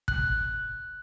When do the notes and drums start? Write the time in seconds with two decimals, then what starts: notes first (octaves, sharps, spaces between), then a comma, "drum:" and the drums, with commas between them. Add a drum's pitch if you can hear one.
0.08 F#6, drum: kick